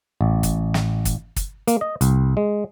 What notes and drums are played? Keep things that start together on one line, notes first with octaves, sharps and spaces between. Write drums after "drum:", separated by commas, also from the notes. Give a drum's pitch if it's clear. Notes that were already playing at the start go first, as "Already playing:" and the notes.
A1
drum: kick, hi-hat
drum: snare
drum: kick, hi-hat
drum: kick, hi-hat
A#3, drum: hi-hat
D#5
C2, drum: hi-hat
G#3